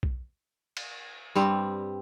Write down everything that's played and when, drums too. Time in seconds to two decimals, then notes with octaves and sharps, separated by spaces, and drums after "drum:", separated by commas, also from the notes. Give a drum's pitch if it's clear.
0.03 drum: kick B1
0.77 drum: cymbal
1.35 G2 G3 C4, drum: tambourine